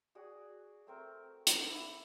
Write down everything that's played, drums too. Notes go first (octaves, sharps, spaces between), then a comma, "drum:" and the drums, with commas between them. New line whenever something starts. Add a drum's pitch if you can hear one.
F#4 G#4 D5 G#5
A3 C4 A#4
drum: hi-hat
E4 B5 D6